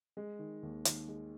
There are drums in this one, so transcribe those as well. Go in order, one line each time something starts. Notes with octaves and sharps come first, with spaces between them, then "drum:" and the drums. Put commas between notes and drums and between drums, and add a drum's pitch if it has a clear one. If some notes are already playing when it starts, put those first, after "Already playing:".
G#3
D#3
D#2
D#2, drum: hi-hat
G#3